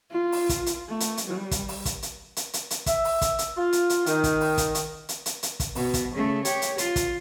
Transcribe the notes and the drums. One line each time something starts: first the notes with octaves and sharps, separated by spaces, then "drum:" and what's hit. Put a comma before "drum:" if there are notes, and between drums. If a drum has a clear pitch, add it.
F4
drum: open hi-hat
drum: kick, hi-hat
drum: hi-hat
A3
drum: hi-hat
drum: hi-hat
G3
drum: kick, hi-hat
drum: open hi-hat
drum: kick, hi-hat
drum: hi-hat
drum: hi-hat
drum: hi-hat
drum: hi-hat
E5, drum: kick, hi-hat
drum: open hi-hat
drum: kick, hi-hat
drum: hi-hat
F4
drum: hi-hat
drum: hi-hat
D#3, drum: hi-hat
drum: kick, hi-hat
drum: open hi-hat
drum: kick, hi-hat
drum: hi-hat
drum: hi-hat
drum: hi-hat
drum: hi-hat
drum: kick, hi-hat
B2, drum: open hi-hat
drum: kick, hi-hat
C#3 A3
G4 C#5, drum: hi-hat
drum: hi-hat
F4, drum: hi-hat
drum: kick, hi-hat